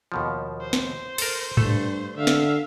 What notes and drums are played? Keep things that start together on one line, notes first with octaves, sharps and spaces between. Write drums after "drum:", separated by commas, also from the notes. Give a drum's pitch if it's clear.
D#2 B2 F3
C5
drum: snare
A4 A#4, drum: cymbal
G2 A3 A4, drum: tom G#2
D3 E5 F5
drum: snare